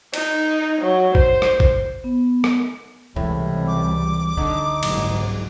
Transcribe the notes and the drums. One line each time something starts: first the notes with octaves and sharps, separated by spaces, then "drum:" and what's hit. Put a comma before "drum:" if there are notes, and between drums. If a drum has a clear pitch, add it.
D#4, drum: cymbal
F#3
C5, drum: kick A1
drum: rim click
drum: kick A1
B3
drum: rim click
C#2 A2 C3 E3 G3
D6
D3 D#4
F#1 C2 G#2, drum: cymbal